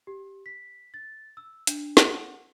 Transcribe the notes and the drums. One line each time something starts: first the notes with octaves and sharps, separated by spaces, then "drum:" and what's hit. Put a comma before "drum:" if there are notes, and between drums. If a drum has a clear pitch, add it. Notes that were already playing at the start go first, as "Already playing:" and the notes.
G4
B6
A6
E6
D4, drum: hi-hat
F#5, drum: snare